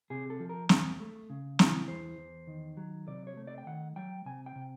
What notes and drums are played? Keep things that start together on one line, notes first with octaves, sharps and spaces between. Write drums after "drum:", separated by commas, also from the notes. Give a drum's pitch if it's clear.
C3 G#4
A4
F3
A#4
E2, drum: snare
A3
C#3
E3, drum: snare
E2 C5
E2
D#3
F#3
C3 D5
C#5
A3
D5
G5
D#3 F#5
F#3 G5
C3 G#5
G5
C3